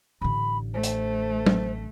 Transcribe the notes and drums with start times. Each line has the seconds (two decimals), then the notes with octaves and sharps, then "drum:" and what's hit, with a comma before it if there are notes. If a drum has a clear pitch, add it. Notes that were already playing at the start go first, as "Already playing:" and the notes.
0.21 A1 D3 B5
0.74 A3 C5
0.83 drum: hi-hat
1.46 drum: tom